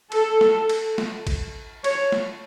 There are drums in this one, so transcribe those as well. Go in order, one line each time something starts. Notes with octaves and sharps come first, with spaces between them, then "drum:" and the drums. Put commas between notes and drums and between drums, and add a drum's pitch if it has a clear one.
A4, drum: cymbal
drum: snare
drum: cymbal
drum: snare
drum: kick, cymbal
C#5, drum: cymbal
drum: snare